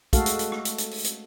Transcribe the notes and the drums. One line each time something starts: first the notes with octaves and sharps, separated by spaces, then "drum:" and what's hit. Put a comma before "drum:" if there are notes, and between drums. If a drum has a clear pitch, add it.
G#3 A3 F#4 A4 F5, drum: kick, hi-hat
drum: hi-hat
drum: hi-hat
drum: rim click
drum: hi-hat
drum: hi-hat
drum: open hi-hat
drum: hi-hat